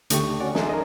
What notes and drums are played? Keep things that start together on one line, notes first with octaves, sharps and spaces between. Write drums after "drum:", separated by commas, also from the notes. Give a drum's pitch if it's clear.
D2 D3 A3 G4 C#6, drum: hi-hat
C#4 F#4 D5
D#4 G#4 A4 E5 A5 C6, drum: snare
A#4 D#5